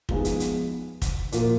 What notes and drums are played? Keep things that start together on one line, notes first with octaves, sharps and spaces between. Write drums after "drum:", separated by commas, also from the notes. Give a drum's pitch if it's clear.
F3 G#3 B3 D#4 G#4, drum: kick
drum: hi-hat
drum: hi-hat
drum: kick, hi-hat
A#2 F3 A#3 F4, drum: hi-hat